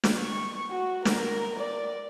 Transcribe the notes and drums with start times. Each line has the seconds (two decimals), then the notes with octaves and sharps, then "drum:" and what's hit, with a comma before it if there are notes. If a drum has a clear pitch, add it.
0.03 drum: snare
0.18 C#6
0.70 F#4
1.05 A#4, drum: snare
1.59 D5